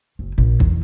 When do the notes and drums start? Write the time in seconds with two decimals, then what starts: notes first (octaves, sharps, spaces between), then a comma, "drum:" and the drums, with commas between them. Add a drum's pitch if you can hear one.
0.19 F#1
0.38 A#1
0.60 E2, drum: kick A1